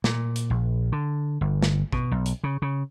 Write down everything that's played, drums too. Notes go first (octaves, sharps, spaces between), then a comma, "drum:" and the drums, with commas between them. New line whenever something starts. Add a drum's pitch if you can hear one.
A#2, drum: snare
drum: hi-hat
A#1
D3
G1
drum: snare
B2, drum: kick A1
B1
drum: hi-hat
C#3
C#3